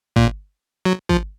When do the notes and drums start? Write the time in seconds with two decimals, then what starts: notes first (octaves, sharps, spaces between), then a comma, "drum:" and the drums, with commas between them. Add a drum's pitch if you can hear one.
0.16 A#2, drum: kick
0.85 F#3
1.09 F3, drum: kick